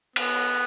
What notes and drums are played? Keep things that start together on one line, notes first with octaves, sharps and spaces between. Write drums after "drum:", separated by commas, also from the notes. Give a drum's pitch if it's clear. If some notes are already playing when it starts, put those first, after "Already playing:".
B3, drum: cymbal